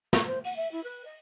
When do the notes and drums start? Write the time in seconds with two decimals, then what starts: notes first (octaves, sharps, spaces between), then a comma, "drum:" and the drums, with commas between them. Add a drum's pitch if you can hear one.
0.13 C#6, drum: snare
0.26 C5
0.44 F#5, drum: open hi-hat
0.55 E5
0.71 E4
0.83 B4
1.05 D#5